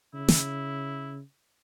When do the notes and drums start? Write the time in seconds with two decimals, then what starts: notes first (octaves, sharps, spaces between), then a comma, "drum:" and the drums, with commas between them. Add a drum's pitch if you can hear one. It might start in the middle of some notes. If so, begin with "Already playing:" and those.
0.14 C#3 E4
0.28 drum: snare